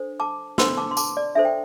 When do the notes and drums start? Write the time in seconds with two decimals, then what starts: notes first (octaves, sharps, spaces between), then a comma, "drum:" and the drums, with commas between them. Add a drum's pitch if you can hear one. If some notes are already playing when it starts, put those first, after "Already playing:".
Already playing: D4 A4 C5
0.20 A5 D6
0.58 D4 A4 C5 C6 E6, drum: snare
0.78 A5 D6
0.91 C6
0.97 A5 D6, drum: tambourine
1.17 D5
1.35 D4 A4 C5 E5
1.45 G5